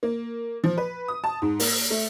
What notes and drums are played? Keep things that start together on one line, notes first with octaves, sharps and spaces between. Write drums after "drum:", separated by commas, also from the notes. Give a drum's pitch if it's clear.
A#3
F3
B4
D#6
A5
G#2
A#3, drum: open hi-hat
A3